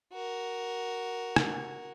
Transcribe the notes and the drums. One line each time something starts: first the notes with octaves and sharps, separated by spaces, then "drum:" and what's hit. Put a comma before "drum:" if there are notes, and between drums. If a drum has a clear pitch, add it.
F#4 A#4
drum: rim click